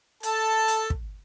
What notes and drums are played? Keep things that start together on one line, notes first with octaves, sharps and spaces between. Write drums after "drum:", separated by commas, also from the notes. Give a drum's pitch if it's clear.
A4 A5, drum: hi-hat
drum: hi-hat
drum: kick